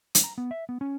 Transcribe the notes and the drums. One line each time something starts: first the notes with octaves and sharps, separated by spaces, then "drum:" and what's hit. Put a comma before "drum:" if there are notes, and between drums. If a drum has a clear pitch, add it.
drum: hi-hat
A#5
B3
E5
B3
C#4